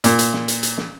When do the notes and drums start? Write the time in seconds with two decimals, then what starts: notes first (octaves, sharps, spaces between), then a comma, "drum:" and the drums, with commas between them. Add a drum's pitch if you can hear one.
0.04 A#2, drum: hi-hat
0.19 drum: hi-hat
0.33 drum: snare
0.48 drum: hi-hat
0.63 drum: hi-hat
0.77 drum: snare